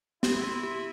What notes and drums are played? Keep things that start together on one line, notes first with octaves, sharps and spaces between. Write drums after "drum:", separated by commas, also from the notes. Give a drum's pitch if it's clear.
E4 G4, drum: snare
G4
G4